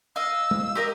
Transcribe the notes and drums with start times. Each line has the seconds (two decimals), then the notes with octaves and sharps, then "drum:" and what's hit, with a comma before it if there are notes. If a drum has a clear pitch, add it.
0.16 D#5 F5 E6
0.51 drum: tom
0.75 G4 A#4 D#5